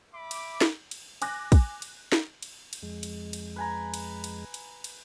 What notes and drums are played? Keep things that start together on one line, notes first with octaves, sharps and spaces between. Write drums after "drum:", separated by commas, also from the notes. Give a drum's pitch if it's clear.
E5 B5 D6
drum: cymbal
drum: snare
drum: cymbal
G#5 D6 F#6 A#6, drum: cymbal
drum: kick, cymbal
drum: cymbal
drum: snare
drum: cymbal
drum: cymbal
F2 G#3
drum: cymbal
drum: cymbal
B4 G#5 A#5
drum: cymbal
drum: cymbal
drum: cymbal
drum: cymbal